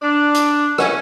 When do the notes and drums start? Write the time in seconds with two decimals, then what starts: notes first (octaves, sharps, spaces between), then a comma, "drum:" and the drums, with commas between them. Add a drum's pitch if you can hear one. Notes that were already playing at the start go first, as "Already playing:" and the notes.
0.02 D4
0.35 drum: hi-hat
0.78 C#4, drum: rim click